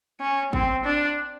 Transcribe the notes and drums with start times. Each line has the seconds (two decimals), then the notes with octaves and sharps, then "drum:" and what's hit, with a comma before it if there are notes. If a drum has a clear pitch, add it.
0.21 C#4
0.53 C4, drum: kick G#1
0.85 D4